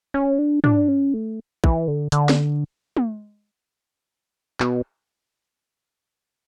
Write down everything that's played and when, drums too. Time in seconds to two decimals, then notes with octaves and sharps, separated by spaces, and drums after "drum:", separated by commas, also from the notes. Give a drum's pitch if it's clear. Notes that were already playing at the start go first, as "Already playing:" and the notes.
0.14 C#4
0.39 D4
0.64 D4, drum: tom
0.88 C#4
1.14 A3
1.64 E3, drum: kick
1.88 D3
2.12 D3, drum: hi-hat
2.29 drum: snare
2.97 drum: tom
4.60 B2, drum: clap